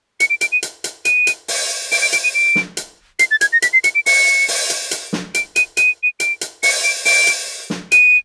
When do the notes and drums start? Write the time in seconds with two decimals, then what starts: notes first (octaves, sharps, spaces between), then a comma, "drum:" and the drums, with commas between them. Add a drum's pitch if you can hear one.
0.20 C#7, drum: hi-hat
0.30 D7
0.41 D7, drum: hi-hat
0.52 D#7
0.63 drum: hi-hat
0.84 drum: hi-hat
1.05 D#7, drum: hi-hat
1.27 drum: hi-hat
1.48 drum: open hi-hat
1.92 D7, drum: open hi-hat
2.02 D7
2.13 D7, drum: hi-hat
2.24 D#7
2.34 D7
2.55 drum: snare
2.77 drum: hi-hat
3.19 C7, drum: hi-hat
3.31 A6
3.41 G#6, drum: hi-hat
3.53 A#6
3.62 B6, drum: hi-hat
3.73 C7
3.84 C#7, drum: hi-hat
3.95 D7
4.06 C#7, drum: open hi-hat
4.48 drum: open hi-hat
4.70 drum: hi-hat
4.91 drum: hi-hat
5.13 drum: snare
5.34 D7, drum: hi-hat
5.56 D#7, drum: hi-hat
5.77 D#7, drum: hi-hat
6.03 D#7
6.20 D7, drum: hi-hat
6.41 drum: hi-hat
6.63 C#7, drum: open hi-hat
6.84 D7
7.05 D7, drum: open hi-hat
7.27 drum: hi-hat
7.70 drum: snare
7.92 D#7, drum: hi-hat